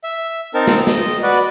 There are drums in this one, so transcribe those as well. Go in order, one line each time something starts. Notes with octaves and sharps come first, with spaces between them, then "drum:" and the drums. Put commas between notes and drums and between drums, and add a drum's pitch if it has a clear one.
E5
C4 D#4 A#4 A5
drum: snare
D#5, drum: snare
F#4 B4 D5